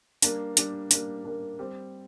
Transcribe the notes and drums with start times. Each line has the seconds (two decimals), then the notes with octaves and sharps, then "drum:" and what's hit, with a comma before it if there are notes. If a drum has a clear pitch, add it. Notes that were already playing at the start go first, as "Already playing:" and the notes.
0.22 G3 A#3 D4, drum: hi-hat
0.57 G3 A#3 D4, drum: hi-hat
0.91 G3 A#3 D4, drum: hi-hat
1.25 G3 A#3 D4
1.59 G3 C4 G4